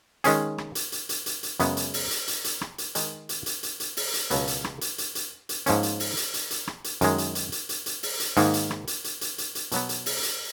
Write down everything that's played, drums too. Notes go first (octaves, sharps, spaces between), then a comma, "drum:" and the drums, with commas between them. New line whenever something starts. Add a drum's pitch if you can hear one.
D#3 G#3 C#4 G#4, drum: hi-hat
drum: rim click
drum: hi-hat
drum: hi-hat
drum: hi-hat
drum: hi-hat
drum: hi-hat
F#2 C#3 G#3 B3, drum: hi-hat
drum: hi-hat
drum: open hi-hat
drum: hi-hat
drum: hi-hat
drum: hi-hat
drum: rim click
drum: hi-hat
D#3 G#3 D#4 A#4, drum: hi-hat
drum: hi-hat
drum: hi-hat
drum: hi-hat
drum: hi-hat
drum: open hi-hat
drum: hi-hat
C#2 B2 F#3 B3, drum: hi-hat
drum: hi-hat
drum: rim click
drum: hi-hat
drum: hi-hat
drum: hi-hat
drum: hi-hat
G#2 F3 A#3 C#4, drum: hi-hat
drum: hi-hat
drum: open hi-hat
drum: hi-hat
drum: hi-hat
drum: hi-hat
drum: rim click
drum: hi-hat
F#2 D#3 G#3, drum: hi-hat
drum: hi-hat
drum: hi-hat
drum: hi-hat
drum: hi-hat
drum: hi-hat
drum: open hi-hat
drum: hi-hat
G#2 D#3 A#3, drum: hi-hat
drum: hi-hat
drum: rim click
drum: hi-hat
drum: hi-hat
drum: hi-hat
drum: hi-hat
drum: hi-hat
B2 F#3 B3, drum: hi-hat
drum: hi-hat
drum: open hi-hat
drum: hi-hat